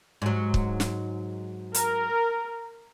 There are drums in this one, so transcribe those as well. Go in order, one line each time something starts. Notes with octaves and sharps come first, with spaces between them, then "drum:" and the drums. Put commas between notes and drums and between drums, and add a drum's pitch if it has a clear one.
G#2 F#3
drum: kick
drum: snare
A#4, drum: hi-hat